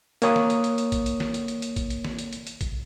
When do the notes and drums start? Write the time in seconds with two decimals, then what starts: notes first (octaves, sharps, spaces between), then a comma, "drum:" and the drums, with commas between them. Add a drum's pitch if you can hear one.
0.22 A#3 C#5 D#6, drum: hi-hat
0.36 drum: snare
0.50 drum: hi-hat
0.64 drum: hi-hat
0.78 drum: hi-hat
0.92 drum: kick A1, hi-hat
1.06 drum: hi-hat
1.20 drum: snare
1.34 drum: hi-hat
1.48 drum: hi-hat
1.62 drum: hi-hat
1.76 drum: kick A1, hi-hat
1.90 drum: hi-hat
2.04 drum: snare
2.19 drum: hi-hat
2.33 drum: hi-hat
2.47 drum: hi-hat
2.61 drum: kick A1, hi-hat